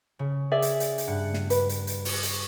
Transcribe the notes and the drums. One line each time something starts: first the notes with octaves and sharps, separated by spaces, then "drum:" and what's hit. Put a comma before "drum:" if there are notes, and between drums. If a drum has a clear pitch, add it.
C#3
G#4 D5 E5
drum: hi-hat
drum: hi-hat
drum: hi-hat
G2 F#5
drum: snare
B4, drum: hi-hat
drum: hi-hat
drum: hi-hat
C#6, drum: open hi-hat
drum: hi-hat